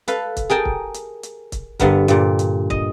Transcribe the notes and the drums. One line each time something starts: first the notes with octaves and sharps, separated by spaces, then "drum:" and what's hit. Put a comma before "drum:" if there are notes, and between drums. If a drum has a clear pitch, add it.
A4 B4 F5, drum: hi-hat
drum: kick, hi-hat
G#4 A#4 G5 A5
drum: kick
drum: hi-hat
drum: hi-hat
drum: kick, hi-hat
G2 D3 B3 A#4, drum: kick, hi-hat
G2 A#2, drum: hi-hat
drum: hi-hat
D#5, drum: kick